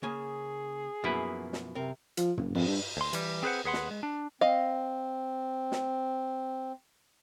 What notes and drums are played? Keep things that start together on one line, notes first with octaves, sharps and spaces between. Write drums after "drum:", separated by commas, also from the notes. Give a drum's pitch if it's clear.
C#3 A#3 G#4 G#5
F#2 B2 F3 A#3 E4 B4
drum: snare
C3 C4 A#4
F3, drum: hi-hat
F#1, drum: tom
F2, drum: cymbal
G2
D2 C6
E3 G3, drum: hi-hat
C4 G#4 B4 C5 F#5
D#2 G#4 B4 F#5 C6
drum: snare
G#3
D4
C4 D#5 F5
drum: snare